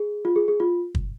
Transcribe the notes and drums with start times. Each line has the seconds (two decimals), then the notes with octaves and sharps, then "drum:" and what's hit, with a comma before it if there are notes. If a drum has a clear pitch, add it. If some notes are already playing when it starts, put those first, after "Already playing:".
Already playing: G#4
0.25 F4
0.36 G#4
0.48 G#4
0.60 F4
0.95 drum: kick